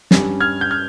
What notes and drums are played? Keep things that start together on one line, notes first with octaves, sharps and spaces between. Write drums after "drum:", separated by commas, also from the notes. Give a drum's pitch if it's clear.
G2 G3 C#4, drum: snare
F6 G#6
G6
F6 G#6